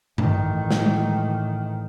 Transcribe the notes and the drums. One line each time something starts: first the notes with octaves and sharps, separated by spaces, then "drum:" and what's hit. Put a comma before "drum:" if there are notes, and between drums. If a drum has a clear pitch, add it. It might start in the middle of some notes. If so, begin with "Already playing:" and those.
A1 D#3, drum: tom G2
drum: snare
drum: tom G#3